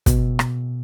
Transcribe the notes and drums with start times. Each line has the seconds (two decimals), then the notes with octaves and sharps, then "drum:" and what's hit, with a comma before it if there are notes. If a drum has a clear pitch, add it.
0.06 B2, drum: kick, hi-hat
0.39 drum: rim click